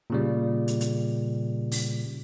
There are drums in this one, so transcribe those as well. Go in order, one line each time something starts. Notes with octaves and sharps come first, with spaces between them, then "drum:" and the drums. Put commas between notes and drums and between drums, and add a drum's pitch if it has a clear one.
A#2 C#3 G3
drum: hi-hat
drum: hi-hat
drum: open hi-hat